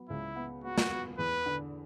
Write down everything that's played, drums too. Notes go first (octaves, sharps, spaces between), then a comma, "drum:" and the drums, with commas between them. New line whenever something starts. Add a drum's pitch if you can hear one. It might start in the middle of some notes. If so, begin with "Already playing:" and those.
Already playing: F#3 B3
C#2 E4
B3
B3 F#4
drum: snare
B3
E2 B4
D3